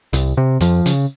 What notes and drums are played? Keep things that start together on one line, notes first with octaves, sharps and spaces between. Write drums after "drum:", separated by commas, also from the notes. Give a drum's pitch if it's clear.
C2, drum: hi-hat
C3
F2 F3, drum: hi-hat
C#3, drum: hi-hat